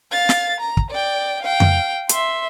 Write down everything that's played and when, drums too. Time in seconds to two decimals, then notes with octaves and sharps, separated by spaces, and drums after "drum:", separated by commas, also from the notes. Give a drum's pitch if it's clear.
0.11 F5 A6
0.29 drum: snare
0.60 A#5
0.77 drum: kick
0.91 D5 G5
1.42 F5 G5
1.60 drum: tom F2
2.09 E5 C6, drum: hi-hat